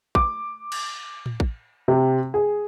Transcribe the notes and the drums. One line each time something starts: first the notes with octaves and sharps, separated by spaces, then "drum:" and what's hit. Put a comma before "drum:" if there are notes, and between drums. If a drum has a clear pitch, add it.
D6, drum: kick
drum: cymbal
drum: tom A2
drum: kick
C3
G#4